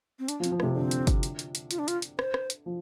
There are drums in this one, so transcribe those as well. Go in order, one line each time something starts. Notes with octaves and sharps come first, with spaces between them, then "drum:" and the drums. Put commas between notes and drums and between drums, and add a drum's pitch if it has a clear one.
C4
D4, drum: hi-hat
F3
C4, drum: hi-hat
F3
A3, drum: rim click
C3
D3 C4
drum: hi-hat
drum: kick G1, hi-hat
drum: hi-hat
drum: hi-hat
drum: hi-hat
F4, drum: hi-hat
D4
F4, drum: hi-hat
drum: hi-hat
C5, drum: rim click
drum: rim click
drum: hi-hat
F3